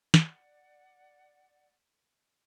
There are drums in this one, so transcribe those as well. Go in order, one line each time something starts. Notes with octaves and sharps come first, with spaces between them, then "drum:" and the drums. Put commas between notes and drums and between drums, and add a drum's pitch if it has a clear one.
D5 F#5, drum: snare